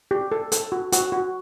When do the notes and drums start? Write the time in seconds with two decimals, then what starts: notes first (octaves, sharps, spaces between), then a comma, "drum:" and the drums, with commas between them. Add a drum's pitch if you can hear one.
0.11 G4
0.32 A4
0.52 A4, drum: hi-hat
0.72 F#4
0.92 F#4, drum: hi-hat
1.12 F#4